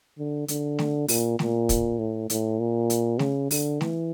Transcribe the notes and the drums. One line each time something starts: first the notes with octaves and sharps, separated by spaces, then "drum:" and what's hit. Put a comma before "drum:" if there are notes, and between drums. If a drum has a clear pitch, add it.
D3
D3, drum: hi-hat
drum: snare A3
A#2, drum: open hi-hat
A#2, drum: snare A3
drum: kick, hi-hat
A2
A2, drum: hi-hat
A#2
drum: hi-hat
C#3, drum: snare A3
D3, drum: open hi-hat
E3, drum: snare A3